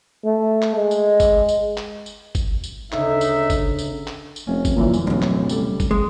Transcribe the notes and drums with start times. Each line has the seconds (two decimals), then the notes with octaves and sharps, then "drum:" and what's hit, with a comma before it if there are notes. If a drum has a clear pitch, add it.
0.25 A3
0.62 drum: clap
0.76 G#3
0.91 drum: tambourine
1.20 drum: kick, tambourine
1.49 drum: tambourine
1.77 drum: clap
2.06 drum: tambourine
2.35 drum: kick, tambourine
2.64 drum: tambourine
2.92 D2 C#3 D#4 E5, drum: clap
3.21 drum: tambourine
3.50 drum: kick, tambourine
3.79 drum: tambourine
4.07 drum: clap
4.36 drum: tambourine
4.47 F1 C#4
4.65 drum: kick, tambourine
4.76 G1 F#2 A#2 E3
4.94 drum: tambourine
5.07 D1 B1 G2
5.22 drum: clap
5.49 C#3 G3 A4, drum: tambourine
5.80 drum: kick, tambourine
5.91 G#3 D#6